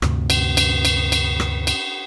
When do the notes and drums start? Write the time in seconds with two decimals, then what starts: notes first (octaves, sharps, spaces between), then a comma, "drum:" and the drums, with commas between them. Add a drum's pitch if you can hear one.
0.02 D2 G2 C3, drum: rim click
0.30 drum: cymbal
0.57 drum: cymbal
0.85 drum: cymbal
1.12 drum: cymbal
1.40 drum: rim click
1.67 drum: cymbal